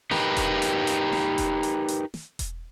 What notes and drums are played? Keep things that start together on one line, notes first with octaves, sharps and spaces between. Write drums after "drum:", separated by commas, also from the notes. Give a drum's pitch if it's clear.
D#4 G4 A#4 B4, drum: snare
drum: kick E1, hi-hat
drum: hi-hat
drum: hi-hat
drum: snare
drum: kick E1, hi-hat
drum: hi-hat
drum: hi-hat
drum: snare
drum: kick E1, hi-hat